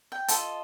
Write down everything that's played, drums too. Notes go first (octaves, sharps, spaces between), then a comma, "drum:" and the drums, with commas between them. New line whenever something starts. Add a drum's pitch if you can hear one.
G5
F4 A4 D#5 A5, drum: hi-hat